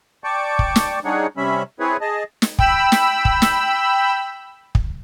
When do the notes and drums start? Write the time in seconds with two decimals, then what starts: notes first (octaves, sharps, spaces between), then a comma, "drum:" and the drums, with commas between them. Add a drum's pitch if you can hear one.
0.24 D5 G5 A5 C#6 D6
0.59 drum: kick
0.76 drum: snare
1.05 G3 D4 D#4 G#4 C#5 F#5
1.37 C3 G3 C#4 E5 B5
1.80 C4 E4 G#4 B4 C#5
2.01 G#4 D#5 A5
2.42 drum: snare
2.59 G5 B5 E6, drum: kick
2.92 drum: snare
3.25 drum: kick
3.42 drum: snare
4.75 drum: kick